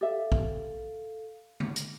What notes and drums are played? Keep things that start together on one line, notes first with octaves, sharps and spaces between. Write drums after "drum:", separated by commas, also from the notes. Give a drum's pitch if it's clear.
G4 A4 E5 F5
drum: kick
drum: tom D3
drum: hi-hat